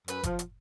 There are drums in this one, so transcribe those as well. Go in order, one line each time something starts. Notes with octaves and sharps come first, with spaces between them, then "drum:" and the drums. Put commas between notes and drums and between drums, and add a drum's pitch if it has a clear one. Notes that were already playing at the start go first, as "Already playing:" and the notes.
F#2 B4, drum: hi-hat
F3, drum: kick F#1, hi-hat
drum: hi-hat